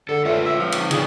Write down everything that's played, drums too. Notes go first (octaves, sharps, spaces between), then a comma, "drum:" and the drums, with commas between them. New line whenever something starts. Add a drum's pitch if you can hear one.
D3 A4
A3 F4 B4 C#5
E5
F3
drum: cymbal
C#3 E3 D4 G#4, drum: cymbal